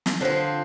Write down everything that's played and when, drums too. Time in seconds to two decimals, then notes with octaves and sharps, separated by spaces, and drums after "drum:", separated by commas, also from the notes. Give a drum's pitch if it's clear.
0.06 drum: snare
0.21 D3 F3 C4